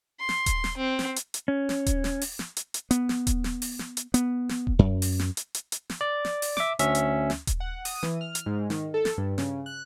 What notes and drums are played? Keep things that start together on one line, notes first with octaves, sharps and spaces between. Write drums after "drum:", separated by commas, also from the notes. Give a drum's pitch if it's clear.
C6
drum: snare
drum: kick D#1, hi-hat
drum: snare
C4
drum: snare
drum: hi-hat
drum: hi-hat
C#4
drum: snare
drum: kick D#1, hi-hat
drum: snare
drum: open hi-hat
drum: snare
drum: hi-hat
drum: hi-hat
B3, drum: hi-hat
drum: snare
drum: kick D#1, hi-hat
drum: snare
drum: open hi-hat
drum: snare
drum: hi-hat
B3, drum: hi-hat
drum: snare
drum: kick D#1
F#2
drum: open hi-hat
drum: snare
drum: hi-hat
drum: hi-hat
drum: hi-hat
drum: snare
D5
drum: snare
drum: open hi-hat
E5 D6, drum: snare
D2 C#4 E5, drum: hi-hat
drum: hi-hat
drum: snare
drum: kick D#1, hi-hat
F#5
D#6, drum: open hi-hat
E3, drum: snare
F6
drum: hi-hat
G#2
D#3, drum: snare
A4
drum: snare
G2
C#3, drum: snare
F#6